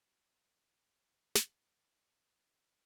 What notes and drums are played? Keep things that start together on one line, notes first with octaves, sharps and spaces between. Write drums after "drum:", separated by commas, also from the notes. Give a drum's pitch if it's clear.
D#3 C#4
drum: snare